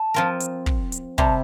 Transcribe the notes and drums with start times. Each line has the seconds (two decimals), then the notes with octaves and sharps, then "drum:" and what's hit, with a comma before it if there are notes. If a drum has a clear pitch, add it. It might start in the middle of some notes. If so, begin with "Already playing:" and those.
Already playing: A5
0.14 F3 C4 F4 A#4
0.40 drum: hi-hat
0.66 drum: kick
0.92 drum: hi-hat
1.18 C3 G3 C4 A5, drum: kick